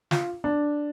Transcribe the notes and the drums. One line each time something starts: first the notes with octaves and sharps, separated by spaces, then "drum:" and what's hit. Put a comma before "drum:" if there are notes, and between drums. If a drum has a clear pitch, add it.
F4, drum: snare
D4